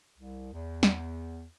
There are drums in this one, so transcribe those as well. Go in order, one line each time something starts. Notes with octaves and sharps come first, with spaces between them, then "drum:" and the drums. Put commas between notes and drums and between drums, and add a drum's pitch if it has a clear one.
C2
E2
drum: snare